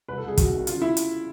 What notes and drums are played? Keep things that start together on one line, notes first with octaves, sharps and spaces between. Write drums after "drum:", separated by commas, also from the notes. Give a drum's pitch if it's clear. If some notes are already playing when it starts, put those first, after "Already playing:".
C2 B4
A4
C2 G#4
C3 F#4, drum: kick, hi-hat
D#3
C#3 F4, drum: hi-hat
E4
drum: hi-hat